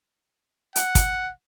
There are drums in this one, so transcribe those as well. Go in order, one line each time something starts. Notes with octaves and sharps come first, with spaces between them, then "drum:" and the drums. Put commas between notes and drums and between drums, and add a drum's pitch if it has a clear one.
F#5, drum: hi-hat
drum: kick, hi-hat